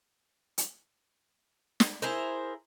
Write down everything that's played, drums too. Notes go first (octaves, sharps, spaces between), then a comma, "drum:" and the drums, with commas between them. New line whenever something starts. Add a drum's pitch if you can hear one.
drum: hi-hat
drum: snare
E4 G#4 A#4 C5